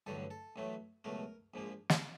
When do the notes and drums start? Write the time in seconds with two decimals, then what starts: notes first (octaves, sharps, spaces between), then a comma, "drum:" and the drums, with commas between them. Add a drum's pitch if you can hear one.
0.07 A1 G2 D3 F#3 A4
0.31 A4
0.56 A1 A2 F#3 A3
1.04 C#2 B2 F#3 A3 A#4
1.54 A#1 G#2 F3 A#3
1.90 drum: snare